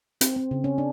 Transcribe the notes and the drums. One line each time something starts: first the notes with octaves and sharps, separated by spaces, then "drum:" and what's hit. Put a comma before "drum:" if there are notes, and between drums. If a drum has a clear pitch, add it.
C4, drum: hi-hat
C4
C#3
C#4
D4